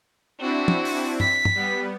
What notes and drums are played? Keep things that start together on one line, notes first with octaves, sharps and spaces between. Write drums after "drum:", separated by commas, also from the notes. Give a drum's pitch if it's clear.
C4 D4 E4 F#4
drum: tom
drum: open hi-hat
B6, drum: tom
drum: tom
G3 B3